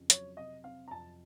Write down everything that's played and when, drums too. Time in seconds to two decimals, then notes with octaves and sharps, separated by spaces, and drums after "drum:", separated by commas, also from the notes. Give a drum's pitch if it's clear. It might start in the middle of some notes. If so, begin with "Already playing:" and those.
Already playing: F2 C#3
0.10 F#3 C#5, drum: hi-hat
0.37 C3 D#5
0.64 C4 F5
0.88 A#5
0.91 F2 A5